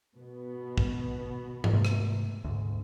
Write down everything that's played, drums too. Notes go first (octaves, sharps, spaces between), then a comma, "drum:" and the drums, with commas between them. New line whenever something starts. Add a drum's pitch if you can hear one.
B2 B3
drum: kick
drum: tom G#2
G#2 C3 A3
drum: rim click
D2 G#2